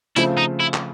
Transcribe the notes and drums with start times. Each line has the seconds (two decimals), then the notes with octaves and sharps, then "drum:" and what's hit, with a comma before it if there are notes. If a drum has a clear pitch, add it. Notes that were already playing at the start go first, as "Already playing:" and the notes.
0.16 C#3 F3 A3 C4 E4 F4, drum: hi-hat
0.38 D#4
0.60 E4
0.74 drum: clap